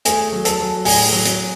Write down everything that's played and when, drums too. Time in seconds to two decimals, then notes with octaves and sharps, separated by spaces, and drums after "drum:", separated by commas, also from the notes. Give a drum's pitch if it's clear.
0.05 A3 G#4 G#5, drum: hi-hat
0.32 F#3
0.45 A4 A5, drum: hi-hat
0.59 F#3
0.85 A2 G#4 G#5, drum: open hi-hat
1.12 F#3
1.25 drum: hi-hat